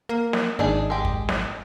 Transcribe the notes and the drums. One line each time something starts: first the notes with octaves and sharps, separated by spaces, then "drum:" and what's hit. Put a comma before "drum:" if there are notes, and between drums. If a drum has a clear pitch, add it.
A#3
drum: snare
G#1 D4 D#4 G#4
G#3 G4
drum: kick
drum: snare